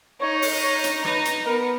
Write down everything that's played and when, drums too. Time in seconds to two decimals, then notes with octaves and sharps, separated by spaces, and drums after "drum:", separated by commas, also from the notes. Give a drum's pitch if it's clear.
0.21 D#4 C#5
0.42 drum: open hi-hat
0.63 C#5
0.84 drum: hi-hat
1.05 D#4 B4, drum: rim click
1.25 drum: hi-hat
1.46 B3 A#4